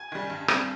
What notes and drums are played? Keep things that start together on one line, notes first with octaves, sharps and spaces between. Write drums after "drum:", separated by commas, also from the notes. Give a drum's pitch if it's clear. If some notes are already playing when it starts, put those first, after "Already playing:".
Already playing: G#5
D#3 G3
G2
G3 C4, drum: rim click